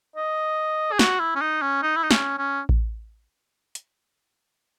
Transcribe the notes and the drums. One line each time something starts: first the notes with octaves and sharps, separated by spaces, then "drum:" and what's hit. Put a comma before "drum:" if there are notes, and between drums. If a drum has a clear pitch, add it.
D#5
G#4
F#4, drum: snare
E4
C#4
D#4
C#4
D#4
E4
D#4
C#4, drum: snare
C#4
drum: kick A1
drum: hi-hat